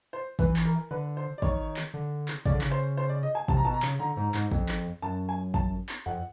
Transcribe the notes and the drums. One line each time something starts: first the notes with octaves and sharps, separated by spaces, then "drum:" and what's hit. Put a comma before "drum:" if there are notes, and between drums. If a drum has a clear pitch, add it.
C5
E3 B4, drum: kick
drum: clap
A#4
D3 B4
C5
D5
D#3 C#5, drum: kick
drum: clap
D3
drum: clap
C#3 D5, drum: kick
D3
C#3, drum: clap
C5
C5
D5
D#5
G#5
C3 A5, drum: kick
A#5
B2 A5
A#5
C#3, drum: clap
D3 A#5
G#2
G#2, drum: clap
F2, drum: kick
drum: clap
F#2 A5
G#5
A5, drum: kick
drum: clap
F2 F#5